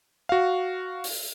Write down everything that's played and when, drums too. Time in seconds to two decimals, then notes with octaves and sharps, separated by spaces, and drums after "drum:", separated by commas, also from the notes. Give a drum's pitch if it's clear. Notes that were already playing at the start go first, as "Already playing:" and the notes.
0.29 F#4 F5
1.04 drum: open hi-hat